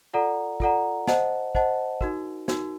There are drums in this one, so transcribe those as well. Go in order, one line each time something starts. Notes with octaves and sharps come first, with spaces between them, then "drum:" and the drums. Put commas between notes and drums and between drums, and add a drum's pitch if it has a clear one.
F4 A4 D5 F#5 A#5
F4 A4 D5 F#5 A#5, drum: kick
C5 D#5 F#5 A5, drum: snare
C5 D#5 F#5 A5, drum: kick
D#4 F#4 A#4, drum: kick
D#4 F#4 A#4, drum: snare